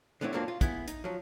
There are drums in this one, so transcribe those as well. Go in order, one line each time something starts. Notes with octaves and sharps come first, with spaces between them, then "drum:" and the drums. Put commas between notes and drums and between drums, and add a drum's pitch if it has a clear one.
D3 B3 C4 E4 C#5
F2 F#3 A#3 C4 D4
F4
B3 E4 G#4, drum: kick, hi-hat
D#4, drum: hi-hat
F3 F#3